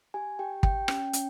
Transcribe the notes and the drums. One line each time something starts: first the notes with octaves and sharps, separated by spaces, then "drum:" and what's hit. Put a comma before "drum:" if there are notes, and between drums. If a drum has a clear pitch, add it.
G4 G#5
G4 G5
G4 G5, drum: kick
C#4, drum: rim click
C#4, drum: hi-hat